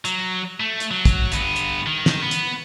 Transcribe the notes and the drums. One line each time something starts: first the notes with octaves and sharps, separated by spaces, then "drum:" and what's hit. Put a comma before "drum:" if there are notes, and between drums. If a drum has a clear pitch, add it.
F#3, drum: hi-hat
A3
drum: hi-hat
F#3
drum: kick, hi-hat
G2 B3, drum: hi-hat
drum: hi-hat
D#3
drum: snare
B3
drum: hi-hat